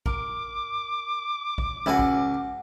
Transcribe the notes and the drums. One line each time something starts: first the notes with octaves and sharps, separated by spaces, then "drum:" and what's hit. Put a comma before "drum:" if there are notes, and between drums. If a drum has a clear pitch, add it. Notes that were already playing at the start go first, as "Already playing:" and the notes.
A#4 D6, drum: kick
drum: kick
C#2 E4 F#4 G#5
drum: kick